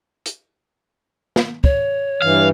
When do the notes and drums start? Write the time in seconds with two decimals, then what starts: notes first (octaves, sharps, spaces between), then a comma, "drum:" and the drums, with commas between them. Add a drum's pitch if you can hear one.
0.26 drum: hi-hat
1.36 drum: snare
1.64 C#5, drum: kick
2.22 G2 E3 F5